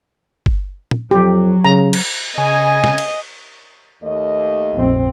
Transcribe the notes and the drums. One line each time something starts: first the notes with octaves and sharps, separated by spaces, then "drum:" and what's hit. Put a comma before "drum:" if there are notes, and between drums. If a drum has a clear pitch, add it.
drum: kick G1
drum: tom
F2 F#3 G4
C#3 A#5
drum: cymbal
C#3 D#5 G#5
drum: snare
drum: cymbal
D#2 A3 D#5
A#1 F2 C4